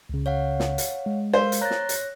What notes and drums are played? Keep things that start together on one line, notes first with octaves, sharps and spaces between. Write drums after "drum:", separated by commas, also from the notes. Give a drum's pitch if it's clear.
C#2 C#3
C#5 F5 F#5
drum: snare
drum: hi-hat
G#3
A#4 C5 F5
drum: hi-hat
C#5 A#5 F#6 A6 A#6
drum: snare
drum: hi-hat